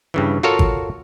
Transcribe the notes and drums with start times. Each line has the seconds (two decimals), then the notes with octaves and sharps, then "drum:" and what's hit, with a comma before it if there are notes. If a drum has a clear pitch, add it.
0.14 G2 C#3 E3
0.43 F4 F#4 A4 A#4 C#5 F5
0.59 drum: kick G#1